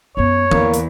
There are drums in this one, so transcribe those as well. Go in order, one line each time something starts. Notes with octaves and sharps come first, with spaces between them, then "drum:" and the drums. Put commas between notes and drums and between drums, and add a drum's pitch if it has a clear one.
F#2 B3 C#5
E2 A#3 E4, drum: tom E3
drum: hi-hat